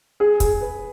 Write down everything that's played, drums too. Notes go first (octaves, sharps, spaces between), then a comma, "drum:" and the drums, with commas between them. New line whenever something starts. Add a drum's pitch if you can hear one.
G#4
G#4, drum: kick, hi-hat
B4